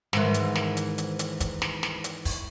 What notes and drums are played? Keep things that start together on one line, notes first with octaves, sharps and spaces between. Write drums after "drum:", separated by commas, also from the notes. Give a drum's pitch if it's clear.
G#2 D#3 E3, drum: snare
drum: hi-hat
drum: snare
drum: hi-hat
drum: hi-hat
drum: hi-hat
drum: kick, hi-hat
drum: snare
drum: snare
drum: hi-hat
drum: kick, open hi-hat